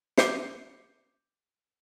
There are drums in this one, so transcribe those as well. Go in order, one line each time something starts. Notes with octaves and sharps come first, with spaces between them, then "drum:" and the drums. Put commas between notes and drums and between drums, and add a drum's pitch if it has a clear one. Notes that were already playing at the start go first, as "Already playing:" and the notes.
D6 G6 C7 C#7, drum: snare